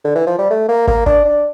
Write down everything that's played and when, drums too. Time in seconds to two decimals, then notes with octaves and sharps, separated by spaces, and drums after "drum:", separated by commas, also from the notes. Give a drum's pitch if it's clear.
0.04 D3
0.15 E3
0.27 F3
0.38 G3
0.50 A3
0.69 A#3
0.87 A#3, drum: kick
1.06 D4, drum: kick
1.25 D4